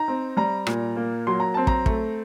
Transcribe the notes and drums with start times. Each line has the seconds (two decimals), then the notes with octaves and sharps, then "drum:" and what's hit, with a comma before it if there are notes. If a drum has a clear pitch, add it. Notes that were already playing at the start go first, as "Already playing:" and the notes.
Already playing: D#4 A#5
0.08 C4
0.37 G3 A#5
0.67 A#2, drum: rim click
0.96 A#3
1.27 F#3 C6
1.40 A#5
1.54 C4 A5
1.67 A#5, drum: kick
1.86 A3, drum: kick